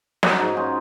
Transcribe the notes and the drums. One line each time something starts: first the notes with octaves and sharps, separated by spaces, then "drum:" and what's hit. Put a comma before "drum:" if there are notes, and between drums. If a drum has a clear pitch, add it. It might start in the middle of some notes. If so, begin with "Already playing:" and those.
F#3 D#4, drum: snare
G#2 D#4
C#4 F4